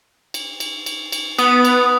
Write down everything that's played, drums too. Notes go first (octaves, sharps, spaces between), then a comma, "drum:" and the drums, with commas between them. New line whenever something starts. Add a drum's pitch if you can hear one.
drum: cymbal
drum: cymbal
drum: cymbal
drum: cymbal
B3 D#6, drum: cymbal
drum: cymbal